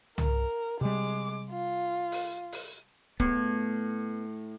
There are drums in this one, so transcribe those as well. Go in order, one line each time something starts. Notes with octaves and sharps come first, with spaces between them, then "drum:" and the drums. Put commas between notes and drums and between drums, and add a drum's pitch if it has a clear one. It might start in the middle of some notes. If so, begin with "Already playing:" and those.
A#4, drum: tom
C3 G3 G#3 D6
F4
drum: open hi-hat
drum: open hi-hat
A2 B3, drum: kick